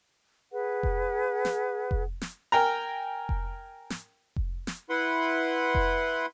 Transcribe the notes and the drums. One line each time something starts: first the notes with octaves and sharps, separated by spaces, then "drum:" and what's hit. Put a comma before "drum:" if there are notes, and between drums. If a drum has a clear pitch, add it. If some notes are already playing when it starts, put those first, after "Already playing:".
G#4 B4 F#5
drum: kick F1
drum: snare
drum: kick F1
drum: snare
A#4 G5 G#5 A#5
drum: kick F1
drum: snare
drum: kick F1
drum: snare
E4 B4 F#5 B5 C6
drum: kick F1